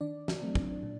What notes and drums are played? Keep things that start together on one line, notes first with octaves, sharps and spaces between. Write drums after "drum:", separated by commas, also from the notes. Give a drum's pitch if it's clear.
D#3 D4 D5
drum: snare
F#3 A3 C4
drum: kick
A#2